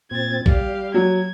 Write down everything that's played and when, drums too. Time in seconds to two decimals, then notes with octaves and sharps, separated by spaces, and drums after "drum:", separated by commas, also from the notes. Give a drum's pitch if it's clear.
0.11 A#2 C4 G#6 A6
0.46 G3 G4 F5, drum: kick A#1
0.94 F#3 G#6